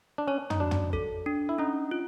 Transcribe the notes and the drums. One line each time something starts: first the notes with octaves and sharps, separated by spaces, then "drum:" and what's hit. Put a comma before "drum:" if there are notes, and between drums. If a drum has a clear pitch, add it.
D4
C#4 C#5
D#4, drum: tom
D4 F#4
drum: tom
A4, drum: kick
D4
E4
C#4 D#4
F4